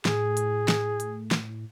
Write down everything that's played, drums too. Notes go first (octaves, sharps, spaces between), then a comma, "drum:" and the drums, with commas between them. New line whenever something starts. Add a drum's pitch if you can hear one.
A2 G#4, drum: snare
drum: hi-hat
drum: snare
drum: hi-hat
drum: snare